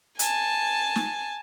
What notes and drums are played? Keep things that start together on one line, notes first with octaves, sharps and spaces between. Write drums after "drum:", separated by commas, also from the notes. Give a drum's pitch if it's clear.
G#5 A5, drum: hi-hat
drum: snare